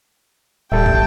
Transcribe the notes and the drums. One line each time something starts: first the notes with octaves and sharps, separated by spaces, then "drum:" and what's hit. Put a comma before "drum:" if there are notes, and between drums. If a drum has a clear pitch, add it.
D1 G3 A4 E5 G5 A5
drum: kick